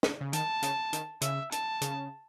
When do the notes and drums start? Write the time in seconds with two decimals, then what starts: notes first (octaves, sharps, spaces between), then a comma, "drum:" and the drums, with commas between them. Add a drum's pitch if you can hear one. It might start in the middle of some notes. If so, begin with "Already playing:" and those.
0.03 drum: snare
0.21 C#3
0.33 D#3 A5, drum: hi-hat
0.62 C#3, drum: hi-hat
0.93 D#3, drum: hi-hat
1.21 C#3 E5, drum: hi-hat
1.52 A5, drum: hi-hat
1.81 C#3, drum: hi-hat